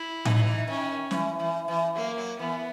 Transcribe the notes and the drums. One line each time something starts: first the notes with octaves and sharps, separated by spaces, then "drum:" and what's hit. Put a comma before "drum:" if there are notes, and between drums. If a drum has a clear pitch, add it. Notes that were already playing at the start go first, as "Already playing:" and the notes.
Already playing: E4
E3 D#4, drum: tom A2
F#3
E3
D#3 C#4
E3, drum: snare
E3
E3
F#3 A#3
F#3
E3 B3